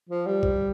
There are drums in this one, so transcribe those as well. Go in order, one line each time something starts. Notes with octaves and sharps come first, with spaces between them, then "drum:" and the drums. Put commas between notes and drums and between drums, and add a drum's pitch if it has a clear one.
F3
G3
drum: kick